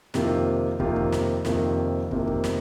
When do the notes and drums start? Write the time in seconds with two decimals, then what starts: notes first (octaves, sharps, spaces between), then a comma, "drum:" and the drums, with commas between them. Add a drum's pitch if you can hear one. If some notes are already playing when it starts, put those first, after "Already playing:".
0.14 F2 C3 D#3 A#3 F4, drum: snare
0.80 F2 C3 D#3 A#3 F4, drum: kick
0.96 drum: kick
1.12 drum: snare
1.45 F2 C3 D#3 A#3 F4, drum: snare
2.11 F2 C3 D#3 A#3 F4, drum: kick
2.27 drum: kick
2.44 drum: snare